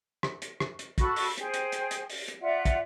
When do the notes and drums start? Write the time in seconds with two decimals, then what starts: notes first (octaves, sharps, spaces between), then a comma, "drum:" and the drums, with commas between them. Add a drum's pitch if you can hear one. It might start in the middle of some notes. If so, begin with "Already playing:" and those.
0.23 drum: rim click
0.42 drum: hi-hat
0.60 drum: rim click
0.79 drum: hi-hat
0.98 F#4 A4 B5 C#6, drum: kick, hi-hat
1.16 drum: open hi-hat
1.38 G#4 C5 G5, drum: hi-hat
1.54 drum: hi-hat
1.72 drum: hi-hat
1.91 drum: hi-hat
2.10 drum: open hi-hat
2.28 drum: hi-hat
2.40 F4 D5 E5 F#5
2.65 drum: kick, hi-hat